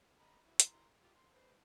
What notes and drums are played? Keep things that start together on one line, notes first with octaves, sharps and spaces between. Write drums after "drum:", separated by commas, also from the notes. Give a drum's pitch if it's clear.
D#5 A#5 B5
E4 F#4
E3 A#5 C6, drum: hi-hat
F4 G4
C6
B4 C5